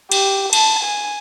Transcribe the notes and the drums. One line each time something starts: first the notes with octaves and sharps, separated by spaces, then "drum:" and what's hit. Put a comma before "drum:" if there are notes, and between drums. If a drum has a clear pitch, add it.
G4, drum: cymbal
A5, drum: cymbal
G#5